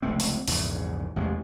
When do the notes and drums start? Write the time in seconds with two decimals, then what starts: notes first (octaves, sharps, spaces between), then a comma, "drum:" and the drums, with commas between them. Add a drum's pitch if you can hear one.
0.02 F1 C#2 A3 C4
0.20 drum: open hi-hat
0.48 A#1 E2 G#2 C#3, drum: open hi-hat
1.16 A1 E2 C3 G#3